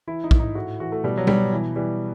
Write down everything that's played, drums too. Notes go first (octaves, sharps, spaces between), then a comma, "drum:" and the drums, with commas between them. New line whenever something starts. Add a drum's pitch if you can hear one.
E3 E4
D#4
A2, drum: kick
D#4
A2 F#4
E3 F#4
A3
B2 G3
F#3
B2 G3, drum: tom G3
E3
E3 G3